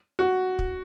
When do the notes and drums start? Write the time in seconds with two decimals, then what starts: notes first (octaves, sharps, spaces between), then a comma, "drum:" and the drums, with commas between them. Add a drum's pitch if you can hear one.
0.19 F#4
0.59 drum: kick